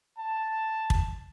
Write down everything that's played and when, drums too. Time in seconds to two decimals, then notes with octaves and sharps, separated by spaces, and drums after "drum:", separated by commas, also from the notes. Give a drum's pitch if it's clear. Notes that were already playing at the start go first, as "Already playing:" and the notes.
0.18 A5
0.90 drum: kick